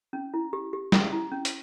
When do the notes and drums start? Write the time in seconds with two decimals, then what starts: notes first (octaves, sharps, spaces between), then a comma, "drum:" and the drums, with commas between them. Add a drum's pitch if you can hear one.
0.13 C#4
0.34 E4
0.53 G4
0.73 G4
0.92 C#4, drum: snare
1.12 E4
1.32 C#4
1.45 drum: hi-hat